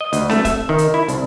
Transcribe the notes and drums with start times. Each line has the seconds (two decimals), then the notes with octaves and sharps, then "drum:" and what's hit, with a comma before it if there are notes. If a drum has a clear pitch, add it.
0.01 D#5
0.13 D2, drum: hi-hat
0.30 A3, drum: snare C4
0.45 E5, drum: kick, hi-hat
0.69 D#3
0.78 drum: hi-hat
0.94 E4
1.08 C2, drum: hi-hat